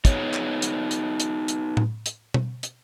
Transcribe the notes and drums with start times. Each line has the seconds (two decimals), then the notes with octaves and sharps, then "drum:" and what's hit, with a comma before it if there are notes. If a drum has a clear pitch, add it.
0.05 B3 D#4 G#4 C#5, drum: kick, hi-hat
0.34 drum: clap
0.62 drum: hi-hat
0.91 drum: hi-hat
1.20 drum: hi-hat
1.48 drum: hi-hat
1.77 drum: tom A2
2.06 drum: hi-hat
2.34 drum: tom B2
2.63 drum: hi-hat